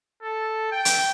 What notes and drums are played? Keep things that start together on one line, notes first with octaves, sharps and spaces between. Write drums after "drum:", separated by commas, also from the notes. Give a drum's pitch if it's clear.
A4
G5
drum: hi-hat